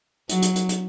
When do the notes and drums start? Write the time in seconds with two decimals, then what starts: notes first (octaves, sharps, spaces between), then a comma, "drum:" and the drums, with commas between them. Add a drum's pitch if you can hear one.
0.29 F#3, drum: hi-hat
0.42 drum: hi-hat
0.56 drum: hi-hat
0.69 drum: hi-hat